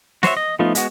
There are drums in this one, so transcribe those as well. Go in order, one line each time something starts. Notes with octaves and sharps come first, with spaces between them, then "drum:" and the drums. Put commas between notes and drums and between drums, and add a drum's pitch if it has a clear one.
F#4 C5 C#5 E5, drum: snare
D#5
F3 A3 B3 D#4 F4
G#3 B3 F#4, drum: hi-hat